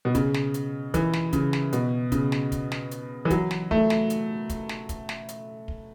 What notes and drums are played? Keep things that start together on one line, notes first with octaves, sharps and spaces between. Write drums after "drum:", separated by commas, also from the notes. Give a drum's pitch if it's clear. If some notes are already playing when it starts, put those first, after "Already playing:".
B2
C#3, drum: kick, hi-hat
drum: snare
drum: hi-hat
E3, drum: kick, hi-hat
drum: snare
C#3, drum: kick, hi-hat
drum: snare
B2, drum: hi-hat
C#3, drum: kick, hi-hat
drum: snare
drum: kick, hi-hat
drum: snare
drum: hi-hat
E3
F#3, drum: kick, hi-hat
drum: snare
A3, drum: kick
drum: snare
drum: hi-hat
drum: kick, hi-hat
drum: snare
drum: kick, hi-hat
drum: snare
drum: hi-hat
drum: kick